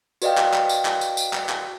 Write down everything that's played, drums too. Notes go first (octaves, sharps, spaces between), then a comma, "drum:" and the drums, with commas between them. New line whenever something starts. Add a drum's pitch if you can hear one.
F#4 B4 D5 D#5 F5 G5, drum: tambourine
drum: clap
drum: clap
drum: tambourine
drum: clap
drum: tambourine
drum: tambourine
drum: clap
drum: clap